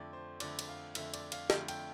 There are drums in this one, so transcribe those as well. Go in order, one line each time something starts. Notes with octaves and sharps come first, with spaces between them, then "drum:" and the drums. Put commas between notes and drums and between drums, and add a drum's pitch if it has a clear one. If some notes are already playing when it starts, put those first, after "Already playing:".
Already playing: F2 D3 A3 D5
C5
F2 D3 A3 D5, drum: cymbal
drum: cymbal
F5
F2 D3 A3 E5, drum: cymbal
D5, drum: cymbal
F5, drum: cymbal
F2 D3 A3 G5, drum: snare
G5, drum: cymbal